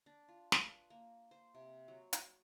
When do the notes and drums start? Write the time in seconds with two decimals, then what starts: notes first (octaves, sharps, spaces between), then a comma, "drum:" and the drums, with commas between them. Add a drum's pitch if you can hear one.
0.06 D4
0.29 F4
0.52 B4, drum: snare
0.90 A#3
1.31 C5
1.55 C3
1.88 F#3
2.13 drum: hi-hat